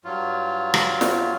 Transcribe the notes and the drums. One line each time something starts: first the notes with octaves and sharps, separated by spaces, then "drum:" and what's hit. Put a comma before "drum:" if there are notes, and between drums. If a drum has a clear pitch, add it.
G2 F#3 F4
drum: rim click
drum: snare